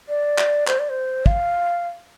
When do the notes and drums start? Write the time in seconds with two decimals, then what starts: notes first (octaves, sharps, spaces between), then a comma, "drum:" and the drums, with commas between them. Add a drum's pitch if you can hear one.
0.09 D5
0.38 drum: clap
0.67 C5, drum: clap
0.79 D5
0.89 C5
1.26 F5, drum: kick